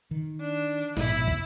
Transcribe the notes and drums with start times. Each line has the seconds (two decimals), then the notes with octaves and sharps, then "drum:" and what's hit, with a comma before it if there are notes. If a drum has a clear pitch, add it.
0.11 D#3
0.41 D4
0.97 A#1 G#2 B2 E4, drum: snare
1.28 drum: kick